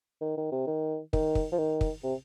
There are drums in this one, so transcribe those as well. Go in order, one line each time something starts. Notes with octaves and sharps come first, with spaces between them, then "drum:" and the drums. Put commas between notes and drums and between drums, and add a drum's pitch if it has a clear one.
D#3
D#3
C3
D#3
D#3, drum: kick
drum: kick
F3
D#3
drum: kick
C3